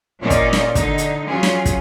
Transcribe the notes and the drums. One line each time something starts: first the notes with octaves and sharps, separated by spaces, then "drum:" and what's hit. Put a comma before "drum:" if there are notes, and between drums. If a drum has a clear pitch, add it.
A#2 A#3 C#4 D#4 F4 D5
drum: kick, hi-hat
drum: snare
D3 D#4, drum: kick, hi-hat
drum: hi-hat
F3 F#3 C#4 F4 G#4
drum: snare
drum: kick, hi-hat